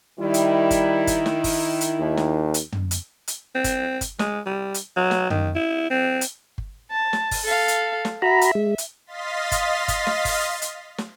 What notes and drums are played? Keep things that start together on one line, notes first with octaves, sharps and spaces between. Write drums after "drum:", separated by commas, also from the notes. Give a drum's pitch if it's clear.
D#3 G3 E4
drum: hi-hat
drum: kick G1, hi-hat
drum: kick G1, hi-hat
drum: snare
drum: kick G1, open hi-hat
drum: hi-hat
D#2
drum: snare
drum: hi-hat
drum: tom
drum: hi-hat
drum: hi-hat
C4
drum: kick G1, hi-hat
drum: kick G1, hi-hat
G#3, drum: snare
G3
drum: hi-hat
F#3
drum: snare
D#3, drum: tom
E4
C4
drum: hi-hat
drum: kick G1
A5
drum: snare
drum: kick G1, open hi-hat
A4 F5
drum: hi-hat
drum: snare
F#4 E5 A#5 B5
drum: hi-hat
G#3
drum: hi-hat
D#5 F5 C6 A6 B6
drum: kick G1, hi-hat
drum: kick G1, hi-hat
drum: snare
drum: kick G1, open hi-hat
drum: hi-hat
drum: snare